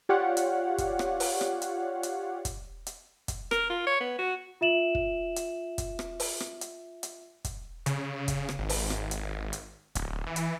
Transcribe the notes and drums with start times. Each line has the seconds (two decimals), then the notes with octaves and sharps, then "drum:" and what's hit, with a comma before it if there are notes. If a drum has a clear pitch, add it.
0.09 F4 G4 C#5 D5 F5 F#5
0.37 drum: hi-hat
0.78 drum: kick, hi-hat
0.99 drum: rim click
1.20 drum: open hi-hat
1.41 drum: rim click
1.62 drum: hi-hat
2.03 drum: hi-hat
2.45 drum: kick, hi-hat
2.87 drum: hi-hat
3.28 drum: kick, hi-hat
3.51 A#4, drum: rim click
3.70 F4
3.86 C#5
4.00 B3
4.19 F#4
4.61 F4 E5 E7 F#7
4.95 drum: kick
5.36 drum: hi-hat
5.78 drum: kick, hi-hat
5.99 drum: rim click
6.20 drum: open hi-hat
6.40 drum: rim click
6.61 drum: hi-hat
7.03 drum: hi-hat
7.45 drum: kick, hi-hat
7.86 C#3, drum: hi-hat
8.28 drum: kick, hi-hat
8.49 drum: rim click
8.59 G#1
8.69 drum: open hi-hat
8.90 drum: rim click
9.11 drum: hi-hat
9.53 drum: hi-hat
9.95 D1, drum: kick, hi-hat
10.27 E3
10.36 drum: hi-hat